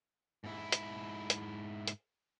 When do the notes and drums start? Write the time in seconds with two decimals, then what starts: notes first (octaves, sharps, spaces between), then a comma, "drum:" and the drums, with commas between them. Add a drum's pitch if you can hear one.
0.44 G#2 E4
0.72 drum: hi-hat
1.30 drum: hi-hat
1.87 drum: hi-hat